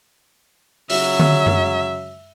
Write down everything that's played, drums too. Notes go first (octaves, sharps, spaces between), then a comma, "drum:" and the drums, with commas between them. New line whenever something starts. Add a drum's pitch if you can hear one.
C#3 F#3 E5, drum: open hi-hat
drum: tom D3
drum: tom F#2